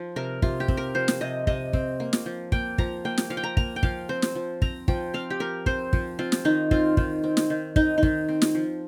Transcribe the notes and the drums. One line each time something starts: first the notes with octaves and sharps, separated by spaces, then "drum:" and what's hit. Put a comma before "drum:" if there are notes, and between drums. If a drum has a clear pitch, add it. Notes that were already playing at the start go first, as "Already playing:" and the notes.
Already playing: F3
C3 A#4
C3 F4, drum: kick
G4
C4, drum: kick
A#4
F3 C5
drum: snare
C3 D#5
C3 D#5, drum: kick
C4, drum: kick
A#3
drum: snare
F3
A#3 G5, drum: kick
F3 A#5, drum: kick
A#3 G5
drum: snare
F3 F5
G5
A#5
A#3 A#5, drum: kick
G5
F3 F5, drum: kick
C4 C5
drum: snare
F3
C4 A#5, drum: kick
F3 G5, drum: kick
C4 F5
G4
F3 A#4
C4 C5, drum: kick
F3, drum: kick
C4 F4
drum: snare
D#3 D#4
C4 F4, drum: kick
D#3, drum: kick
C4
drum: snare
D#3
C4 D#4, drum: kick
D#4
D#3, drum: kick
C4
drum: snare
F3